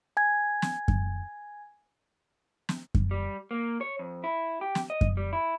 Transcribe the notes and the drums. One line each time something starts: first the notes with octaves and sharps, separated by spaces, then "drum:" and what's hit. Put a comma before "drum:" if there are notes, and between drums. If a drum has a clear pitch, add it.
G#5 G#6
drum: snare
drum: kick F#2
drum: snare
drum: kick F#2
G3
A#3
C#5
F2
E4
G4
drum: snare
D#5
drum: kick F#2
G3
E4